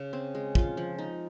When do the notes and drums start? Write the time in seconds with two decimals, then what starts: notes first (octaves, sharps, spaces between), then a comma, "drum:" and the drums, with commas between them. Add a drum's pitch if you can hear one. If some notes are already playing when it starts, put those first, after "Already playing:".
Already playing: C#3
0.13 C4
0.35 G#3
0.55 F4, drum: kick
0.77 F3
0.98 D#4